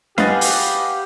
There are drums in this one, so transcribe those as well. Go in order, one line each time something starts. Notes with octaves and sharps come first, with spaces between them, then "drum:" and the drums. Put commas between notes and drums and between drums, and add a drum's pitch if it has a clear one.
G4 B4 D#5 F5 F#5 G#5 A6, drum: snare
drum: open hi-hat